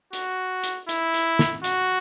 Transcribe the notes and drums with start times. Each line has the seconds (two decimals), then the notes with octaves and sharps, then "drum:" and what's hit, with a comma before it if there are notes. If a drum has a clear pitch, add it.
0.13 F#4, drum: hi-hat
0.63 drum: hi-hat
0.89 E4, drum: hi-hat
1.14 drum: hi-hat
1.39 drum: snare
1.64 F#4, drum: hi-hat